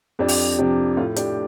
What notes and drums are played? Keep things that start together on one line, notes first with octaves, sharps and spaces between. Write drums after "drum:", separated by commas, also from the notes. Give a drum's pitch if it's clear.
F2 D4 G4
drum: open hi-hat
C3 F3 D4 G4
A2 F4
D4 G4, drum: hi-hat